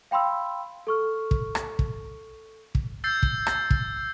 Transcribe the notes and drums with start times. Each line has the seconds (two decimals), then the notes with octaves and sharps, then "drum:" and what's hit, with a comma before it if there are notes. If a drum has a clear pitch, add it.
0.11 F5 G5 B5 C6 E6
0.87 A4 C#6 F6
1.31 drum: kick
1.55 drum: rim click
1.79 drum: kick
2.75 drum: kick
3.04 E6 G6 A6 C7
3.23 drum: kick
3.47 drum: rim click
3.70 drum: kick